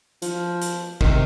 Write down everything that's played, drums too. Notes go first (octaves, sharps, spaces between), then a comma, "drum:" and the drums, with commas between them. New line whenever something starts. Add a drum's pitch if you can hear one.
F3, drum: hi-hat
drum: hi-hat
C3 D#3, drum: kick G#1